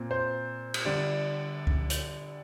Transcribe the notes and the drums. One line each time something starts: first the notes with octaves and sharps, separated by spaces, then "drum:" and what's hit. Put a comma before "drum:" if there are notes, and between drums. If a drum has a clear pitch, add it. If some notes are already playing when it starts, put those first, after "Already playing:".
Already playing: A#2 C4
C5
drum: cymbal
D3 G3 D4 D5
drum: kick C#2
drum: hi-hat